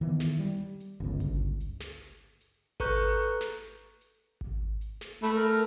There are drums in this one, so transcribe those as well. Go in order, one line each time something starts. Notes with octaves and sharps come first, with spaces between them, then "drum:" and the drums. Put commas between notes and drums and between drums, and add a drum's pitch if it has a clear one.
D#3 E3 B3
drum: snare
G3, drum: hi-hat
drum: hi-hat
G1 C#2
drum: kick G#1, hi-hat
drum: hi-hat
drum: snare
drum: hi-hat
drum: hi-hat
A4 B4 A#5 C#6 F#6 G6, drum: kick G#1, hi-hat
drum: hi-hat
drum: snare
drum: hi-hat
drum: hi-hat
drum: kick G#1
drum: hi-hat
drum: snare
A3 B5, drum: hi-hat
A#4